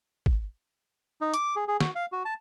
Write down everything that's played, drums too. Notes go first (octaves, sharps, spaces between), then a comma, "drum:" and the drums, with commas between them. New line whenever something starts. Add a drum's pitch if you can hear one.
drum: kick
D#4
D6, drum: hi-hat
G#4
G#4
F#4, drum: snare
F5
F#4
A5